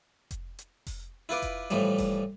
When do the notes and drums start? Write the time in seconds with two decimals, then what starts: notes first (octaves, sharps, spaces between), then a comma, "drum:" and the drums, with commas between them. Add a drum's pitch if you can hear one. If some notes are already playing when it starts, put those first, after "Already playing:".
0.31 drum: kick F1, hi-hat
0.59 drum: hi-hat
0.87 drum: kick F1, open hi-hat
1.29 E4 F4 B4 D6
1.42 drum: kick F1, hi-hat
1.70 A2 E3 F3 G3, drum: hi-hat
1.98 drum: kick F1, open hi-hat